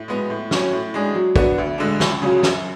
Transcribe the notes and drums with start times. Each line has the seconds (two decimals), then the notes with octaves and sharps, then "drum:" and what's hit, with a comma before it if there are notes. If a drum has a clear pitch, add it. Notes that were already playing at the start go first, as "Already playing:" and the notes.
Already playing: A2
0.08 G#3 B3
0.30 A2
0.51 F#3 C#4, drum: snare
0.73 A2
0.94 G#3 D4 G#4
1.15 F#3
1.36 B3 D4 F#4, drum: kick
1.58 D2
1.78 D3 G#3 D4
2.00 C#2, drum: snare
2.22 C#3 F#3 C#4 F4
2.43 F#2, drum: snare